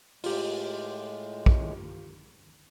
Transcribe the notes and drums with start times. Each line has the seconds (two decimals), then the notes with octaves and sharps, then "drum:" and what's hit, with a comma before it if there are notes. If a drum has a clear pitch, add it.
0.24 A2 G#3 F4 G4, drum: open hi-hat
1.46 drum: kick